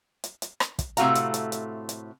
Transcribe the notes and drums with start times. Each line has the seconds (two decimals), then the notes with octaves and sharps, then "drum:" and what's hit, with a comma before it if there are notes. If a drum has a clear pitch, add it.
0.24 drum: hi-hat
0.42 drum: hi-hat
0.60 drum: rim click
0.79 drum: kick, hi-hat
0.97 A2 C3 A3 F#4 F5 A#5, drum: hi-hat
1.15 drum: hi-hat
1.34 drum: hi-hat
1.52 drum: hi-hat
1.89 drum: hi-hat